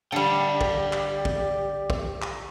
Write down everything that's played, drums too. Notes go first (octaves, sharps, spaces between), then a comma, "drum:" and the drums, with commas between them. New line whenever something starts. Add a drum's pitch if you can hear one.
D3 G3 G4 D5 F5 G5
drum: kick
drum: clap
drum: kick
drum: kick
drum: clap